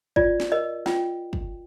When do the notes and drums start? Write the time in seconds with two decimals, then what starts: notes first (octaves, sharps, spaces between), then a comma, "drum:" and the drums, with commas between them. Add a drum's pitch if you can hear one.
0.16 F4 D5, drum: kick
0.40 drum: snare
0.52 A#4 D#5
0.86 F4 G5, drum: snare
1.33 drum: kick